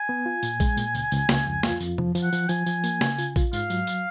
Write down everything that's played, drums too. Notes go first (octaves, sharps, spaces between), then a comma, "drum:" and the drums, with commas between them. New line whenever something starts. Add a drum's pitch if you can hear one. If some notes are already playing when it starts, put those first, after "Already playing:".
Already playing: G#5
B3
F4
A#2, drum: tambourine
G#3, drum: kick A#1, tambourine
A#2, drum: tambourine
C#2, drum: tambourine
C#2, drum: tambourine
C#2, drum: snare
F2
F4, drum: snare
F2, drum: tambourine
F3, drum: tom
F3, drum: tambourine
F#5
F3, drum: tambourine
F3 G#5, drum: tambourine
F3, drum: tambourine
A#3, drum: tambourine
C#3, drum: snare
F4, drum: tambourine
F4, drum: kick A#1, tambourine
G#2 F5, drum: tambourine
F#3, drum: tambourine
drum: tambourine